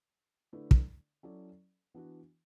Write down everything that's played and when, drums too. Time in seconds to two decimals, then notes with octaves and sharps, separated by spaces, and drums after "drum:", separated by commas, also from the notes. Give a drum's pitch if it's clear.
0.53 D3 A3 E4 B4 D5
0.71 drum: kick
1.23 F#3 C#4 E4 A4 D5
1.94 E3 B3 D4 F#4